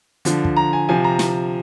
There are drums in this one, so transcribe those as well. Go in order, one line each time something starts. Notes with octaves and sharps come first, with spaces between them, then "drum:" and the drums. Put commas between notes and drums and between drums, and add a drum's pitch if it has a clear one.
D3 F3, drum: hi-hat
drum: kick
A#5
G#5
C3 F3 G#5
A#5
drum: snare